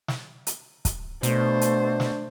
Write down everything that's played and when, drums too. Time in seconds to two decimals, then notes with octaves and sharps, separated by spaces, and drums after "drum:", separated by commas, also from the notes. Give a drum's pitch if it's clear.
0.08 drum: snare
0.47 drum: hi-hat
0.85 drum: kick, hi-hat
1.23 B2 A3 D4 C5, drum: hi-hat
1.61 drum: hi-hat
2.00 drum: snare